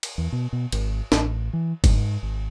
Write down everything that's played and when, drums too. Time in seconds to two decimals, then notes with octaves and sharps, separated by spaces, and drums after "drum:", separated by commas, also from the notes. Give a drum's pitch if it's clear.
0.03 drum: cymbal
0.18 E2
0.32 B2
0.53 B2
0.72 G#1, drum: cymbal
1.12 A1, drum: snare
1.53 E3
1.84 G#2, drum: kick G1, cymbal
2.23 G#1